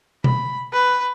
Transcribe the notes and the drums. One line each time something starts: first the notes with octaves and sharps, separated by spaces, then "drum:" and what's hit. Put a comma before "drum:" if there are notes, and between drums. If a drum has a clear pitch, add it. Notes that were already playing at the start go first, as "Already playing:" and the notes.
B5, drum: tom B2
B4